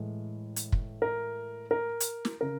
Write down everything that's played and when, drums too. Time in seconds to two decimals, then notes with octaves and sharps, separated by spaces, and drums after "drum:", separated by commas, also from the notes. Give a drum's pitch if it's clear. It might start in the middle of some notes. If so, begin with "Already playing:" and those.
Already playing: A2 E3 G#3
0.56 drum: hi-hat
0.72 drum: kick
1.02 A#4
1.71 A#4
2.00 drum: hi-hat
2.25 drum: snare
2.41 C#3 A#4